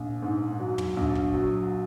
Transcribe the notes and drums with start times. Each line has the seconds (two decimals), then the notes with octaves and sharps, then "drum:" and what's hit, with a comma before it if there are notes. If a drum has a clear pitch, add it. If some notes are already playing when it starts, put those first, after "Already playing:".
Already playing: A#1
0.22 G#2
0.60 F#3
0.78 drum: tom
0.97 A#1
1.15 drum: kick
1.34 F#3